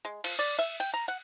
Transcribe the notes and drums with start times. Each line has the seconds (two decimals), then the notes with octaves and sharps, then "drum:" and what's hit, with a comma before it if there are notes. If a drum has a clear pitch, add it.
0.05 G#3
0.24 F3, drum: cymbal
0.39 D5
0.59 E5
0.80 G5
0.94 A#5
1.08 F#5